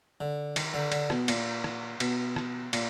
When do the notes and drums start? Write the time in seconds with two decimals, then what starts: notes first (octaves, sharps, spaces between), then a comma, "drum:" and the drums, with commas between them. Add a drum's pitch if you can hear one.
0.21 D3
0.56 D#3, drum: cymbal
0.74 D3
0.92 D3, drum: cymbal
1.10 B2, drum: rim click
1.28 A#2, drum: cymbal
1.64 drum: rim click
2.00 B2, drum: cymbal
2.36 drum: rim click
2.73 A#2, drum: cymbal